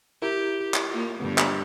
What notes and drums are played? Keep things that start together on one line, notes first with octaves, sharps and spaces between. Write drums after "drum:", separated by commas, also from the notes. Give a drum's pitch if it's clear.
E4 G4 A#4
drum: clap
A#3 F4
G2 D3 A3 B3
drum: clap